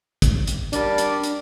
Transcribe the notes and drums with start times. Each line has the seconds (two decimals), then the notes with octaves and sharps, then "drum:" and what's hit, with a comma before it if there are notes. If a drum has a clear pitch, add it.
0.22 drum: kick, hi-hat
0.47 drum: hi-hat
0.73 G3 D4 A#4 D5, drum: hi-hat
0.98 drum: hi-hat
1.23 drum: hi-hat